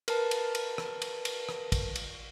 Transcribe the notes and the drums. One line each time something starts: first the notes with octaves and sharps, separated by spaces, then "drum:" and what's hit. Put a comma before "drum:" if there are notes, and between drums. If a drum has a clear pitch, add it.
A#4 B4 A5, drum: cymbal
drum: cymbal
drum: cymbal
drum: rim click
drum: cymbal
drum: cymbal
drum: rim click
drum: kick, cymbal
drum: cymbal